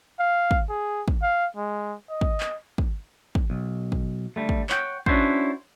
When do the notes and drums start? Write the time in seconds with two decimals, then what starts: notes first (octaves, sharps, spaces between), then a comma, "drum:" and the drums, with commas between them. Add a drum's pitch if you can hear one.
0.20 F5
0.51 drum: kick
0.70 G#4
1.08 drum: kick
1.22 F5
1.57 G#3
2.10 D#5
2.21 drum: kick
2.40 drum: clap
2.78 drum: kick
3.35 drum: kick
3.50 B1
3.92 drum: kick
4.36 D3 G3 A3
4.49 drum: kick
4.69 C#5 F#5 G5, drum: clap
5.06 C#4 D4 E4 F#4 C5, drum: kick